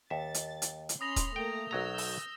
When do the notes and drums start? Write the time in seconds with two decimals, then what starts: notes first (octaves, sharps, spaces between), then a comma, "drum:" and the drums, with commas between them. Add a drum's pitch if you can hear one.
0.10 D#2 E5 A6
0.34 drum: hi-hat
0.62 drum: hi-hat
0.89 drum: hi-hat
1.01 C#4 B5 C6 D#6 A#6 F7
1.16 drum: kick D#1, hi-hat
1.36 A3 A#3 G5 A#5
1.71 B1 F#3 A#5 E6 G6 A#6
1.98 drum: open hi-hat